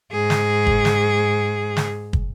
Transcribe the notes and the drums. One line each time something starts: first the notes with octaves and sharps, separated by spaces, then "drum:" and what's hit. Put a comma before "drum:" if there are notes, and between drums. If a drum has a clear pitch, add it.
G#2 G#4
drum: snare
drum: kick
drum: snare
drum: snare
drum: kick